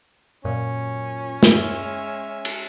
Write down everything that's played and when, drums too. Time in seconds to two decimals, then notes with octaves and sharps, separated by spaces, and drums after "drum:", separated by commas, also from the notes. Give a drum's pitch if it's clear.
0.44 F#2 A#2 C#4
1.43 G#3 E5 F6, drum: snare
2.45 drum: cymbal